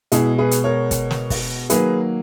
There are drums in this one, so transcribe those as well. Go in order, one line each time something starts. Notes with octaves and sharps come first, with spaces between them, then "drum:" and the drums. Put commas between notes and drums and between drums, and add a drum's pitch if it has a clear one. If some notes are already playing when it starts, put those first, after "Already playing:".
B2 G#3 E4 G#4, drum: hi-hat
G#4 B4
drum: hi-hat
A#4 C#5
drum: kick, hi-hat
drum: snare
drum: kick, open hi-hat
D#3 F#3 A#3 G#4 B4, drum: hi-hat